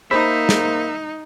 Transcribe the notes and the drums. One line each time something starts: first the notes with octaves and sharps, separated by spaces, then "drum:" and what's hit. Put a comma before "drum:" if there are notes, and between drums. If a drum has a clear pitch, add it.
A#3 D#4 C5 E5 B5
drum: snare